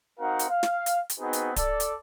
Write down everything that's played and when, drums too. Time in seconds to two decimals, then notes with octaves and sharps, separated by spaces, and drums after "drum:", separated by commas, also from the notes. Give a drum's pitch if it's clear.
0.20 C4 D#4 F#4 A#4 F5 F#5
0.39 drum: hi-hat
0.49 F5
0.63 drum: snare
0.86 drum: hi-hat
1.10 drum: hi-hat
1.19 B3 C4 D#4 F#4 G#4 B4
1.33 drum: hi-hat
1.56 A4 D5, drum: kick D1, hi-hat
1.80 drum: hi-hat